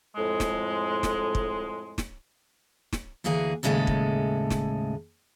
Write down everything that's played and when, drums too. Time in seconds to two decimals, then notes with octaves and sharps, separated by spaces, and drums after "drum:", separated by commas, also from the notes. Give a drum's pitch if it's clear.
0.16 F2 A2 G#3
0.40 drum: snare
1.03 drum: snare
1.35 drum: kick
1.98 drum: snare
2.93 drum: snare
3.24 D2 E3 A#3 G#4 F#5
3.63 D#2 A2 C#3 G#3 A4 E5
3.87 drum: kick
4.50 drum: snare